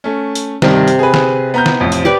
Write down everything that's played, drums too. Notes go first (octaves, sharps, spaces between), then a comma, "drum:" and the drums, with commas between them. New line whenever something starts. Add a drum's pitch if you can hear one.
A3 C#4
drum: hi-hat
G2 C3 D#3 G3, drum: snare
drum: hi-hat
G#4 B4
drum: snare
B3 A#5 G6
drum: snare
A1 F2
drum: hi-hat
G4 B4 D5